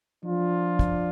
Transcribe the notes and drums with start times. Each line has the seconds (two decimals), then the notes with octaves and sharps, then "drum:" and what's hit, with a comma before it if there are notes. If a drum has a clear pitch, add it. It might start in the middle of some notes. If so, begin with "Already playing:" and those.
0.24 F3 D4 F4
0.79 drum: kick